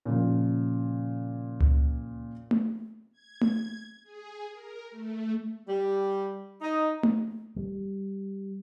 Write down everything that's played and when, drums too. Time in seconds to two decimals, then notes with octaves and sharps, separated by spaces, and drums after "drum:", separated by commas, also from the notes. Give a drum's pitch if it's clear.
0.05 A#2 C#3 F3
1.60 drum: tom C#2
2.51 drum: tom A3
3.12 G#6
3.41 drum: tom A3
4.03 G#4
4.50 A#4
4.91 A3
5.68 G3
6.61 D#4
7.03 drum: tom A3
7.56 G3